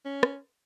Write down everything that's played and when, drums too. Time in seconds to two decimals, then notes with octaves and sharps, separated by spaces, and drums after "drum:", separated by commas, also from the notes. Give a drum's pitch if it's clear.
0.05 C#4
0.23 drum: rim click